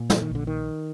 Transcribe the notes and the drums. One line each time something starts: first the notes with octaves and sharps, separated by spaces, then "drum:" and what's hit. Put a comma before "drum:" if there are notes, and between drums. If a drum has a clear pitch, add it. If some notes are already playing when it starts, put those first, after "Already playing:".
Already playing: A#2
F3, drum: snare
D#3
A#1 D3
D#3